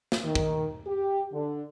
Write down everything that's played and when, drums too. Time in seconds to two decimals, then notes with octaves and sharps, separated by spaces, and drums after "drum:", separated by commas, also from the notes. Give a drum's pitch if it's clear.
0.12 drum: snare
0.24 D#3
0.35 drum: kick
0.86 G4
1.32 D3